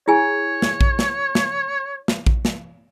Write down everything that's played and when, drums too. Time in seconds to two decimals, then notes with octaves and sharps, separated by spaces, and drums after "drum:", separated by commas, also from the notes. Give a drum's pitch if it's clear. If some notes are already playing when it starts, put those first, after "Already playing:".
0.08 E4 G#4 C#5 G#5
0.62 drum: snare
0.81 drum: kick A#1
0.99 drum: snare
1.35 drum: snare
2.08 drum: snare
2.26 drum: kick A#1
2.45 drum: snare